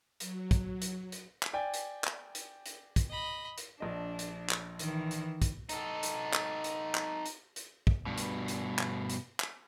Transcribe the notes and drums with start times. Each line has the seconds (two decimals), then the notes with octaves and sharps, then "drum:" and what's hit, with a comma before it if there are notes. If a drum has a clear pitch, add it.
0.20 F#3, drum: hi-hat
0.51 drum: kick, hi-hat
0.82 drum: hi-hat
1.12 drum: hi-hat
1.43 drum: clap
1.53 D5 G5 G#5
1.74 drum: hi-hat
2.04 drum: clap
2.35 drum: hi-hat
2.66 drum: hi-hat
2.96 drum: kick, hi-hat
3.09 D#5 B5
3.58 drum: hi-hat
3.80 A#1 D4 D#5
4.19 drum: hi-hat
4.50 drum: clap
4.79 D#3 E3, drum: hi-hat
5.11 drum: hi-hat
5.42 drum: kick, hi-hat
5.69 D#4 A4, drum: hi-hat
6.03 drum: hi-hat
6.34 drum: clap
6.64 drum: hi-hat
6.95 drum: clap
7.26 drum: hi-hat
7.56 drum: hi-hat
7.87 drum: kick
8.06 G2 B2
8.18 drum: hi-hat
8.48 drum: hi-hat
8.79 drum: clap
9.10 drum: hi-hat
9.40 drum: clap